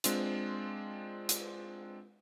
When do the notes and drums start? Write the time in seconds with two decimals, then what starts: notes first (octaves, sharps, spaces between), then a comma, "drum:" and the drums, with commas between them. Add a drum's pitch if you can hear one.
0.04 G#3 C4 D4 F4, drum: hi-hat
1.29 drum: hi-hat